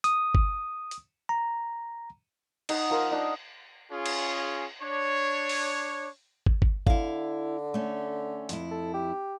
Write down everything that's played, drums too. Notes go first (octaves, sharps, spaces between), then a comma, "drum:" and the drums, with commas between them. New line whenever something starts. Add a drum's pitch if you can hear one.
D#6, drum: hi-hat
drum: kick
drum: hi-hat
A#5
D#4 F#5, drum: cymbal
F3 A#4
D4 D#4
C#4 F4 G#4
drum: cymbal
D4 C#5
drum: open hi-hat
drum: kick
drum: kick
D3 E4 F5, drum: kick
A3 C#4
F2 E4, drum: hi-hat
A4
G4